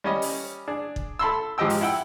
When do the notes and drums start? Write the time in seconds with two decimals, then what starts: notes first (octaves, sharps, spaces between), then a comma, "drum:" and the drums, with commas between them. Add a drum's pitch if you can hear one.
0.04 G3 C#4 D#5
0.22 drum: open hi-hat
0.68 D4 G#4
0.96 drum: kick
1.19 A4 B5 C6 E6
1.58 G#2 F3 G4 D#5 G5 E6
1.70 drum: open hi-hat
1.81 E4 F#5 G5 E6